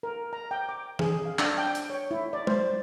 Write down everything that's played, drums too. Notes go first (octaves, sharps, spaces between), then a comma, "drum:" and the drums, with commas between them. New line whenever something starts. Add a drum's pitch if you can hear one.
A#4
A#5
G5
D6
G#4, drum: tom E3
F5
D4, drum: clap
G5
drum: hi-hat
C#5
E4
D5
C5, drum: tom G#3